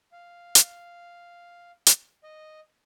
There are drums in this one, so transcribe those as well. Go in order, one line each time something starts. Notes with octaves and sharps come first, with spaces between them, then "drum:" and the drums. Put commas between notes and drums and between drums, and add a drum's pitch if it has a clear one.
F5
drum: hi-hat
drum: hi-hat
D#5